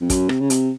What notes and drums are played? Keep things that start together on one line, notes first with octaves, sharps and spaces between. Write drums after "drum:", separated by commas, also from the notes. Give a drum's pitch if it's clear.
F2
F#2, drum: kick, hi-hat
C3, drum: rim click
C#3
C3, drum: hi-hat